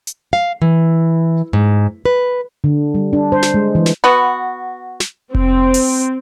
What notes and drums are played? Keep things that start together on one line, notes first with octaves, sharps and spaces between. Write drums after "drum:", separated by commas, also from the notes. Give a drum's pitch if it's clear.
drum: hi-hat
F5
E3
G#2
B4
D3
G3
D4
C5
drum: snare
G#3
E3
drum: snare
B3 F#4
drum: snare
C4, drum: kick F1
drum: open hi-hat